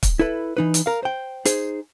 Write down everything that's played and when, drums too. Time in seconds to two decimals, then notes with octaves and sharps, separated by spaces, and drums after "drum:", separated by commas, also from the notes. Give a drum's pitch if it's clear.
0.03 drum: kick, hi-hat
0.19 E4 A4 B4
0.57 E3 D#4 B4
0.74 drum: hi-hat
0.86 A#4 F5
1.03 C5 G5
1.45 D#4 G#4 C5, drum: hi-hat